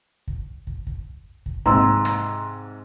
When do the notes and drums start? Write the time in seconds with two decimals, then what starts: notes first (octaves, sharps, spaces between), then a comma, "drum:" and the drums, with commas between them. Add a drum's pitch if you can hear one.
0.28 drum: kick
0.67 drum: kick
0.87 drum: kick
1.46 drum: kick
1.66 G#2 C3 A#5 C6 E6, drum: kick
2.05 drum: rim click